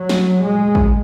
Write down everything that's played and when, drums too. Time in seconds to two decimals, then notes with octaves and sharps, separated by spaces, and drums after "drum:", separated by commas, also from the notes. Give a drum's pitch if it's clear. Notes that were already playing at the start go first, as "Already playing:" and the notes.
Already playing: F#3
0.09 drum: snare
0.42 G#3
0.75 drum: kick A1